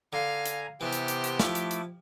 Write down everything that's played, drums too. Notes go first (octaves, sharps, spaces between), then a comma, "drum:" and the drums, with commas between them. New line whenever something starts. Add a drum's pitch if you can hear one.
D3 F5 G#5 A#5
drum: hi-hat
C3 E3 B3 G4 C5
drum: hi-hat
drum: hi-hat
drum: hi-hat
F3 A3 E4 D6, drum: snare
drum: hi-hat
drum: hi-hat